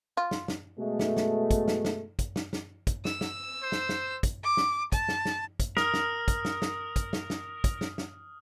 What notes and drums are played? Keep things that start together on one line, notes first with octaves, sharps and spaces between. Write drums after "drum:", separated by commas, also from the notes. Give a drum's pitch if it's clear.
F4
drum: snare
drum: snare
B2 G#3 A3
drum: snare
drum: snare
drum: kick, hi-hat
drum: snare
drum: snare
drum: kick, hi-hat
drum: snare
drum: snare
drum: kick, hi-hat
E6, drum: snare
drum: snare
C5
drum: snare
drum: snare
drum: kick, hi-hat
D6
drum: snare
A5, drum: kick, hi-hat
drum: snare
drum: snare
drum: kick, hi-hat
A#4 D#6 F6, drum: snare
drum: snare
drum: kick, hi-hat
drum: snare
drum: snare
drum: kick, hi-hat
drum: snare
drum: snare
drum: kick, hi-hat
drum: snare
drum: snare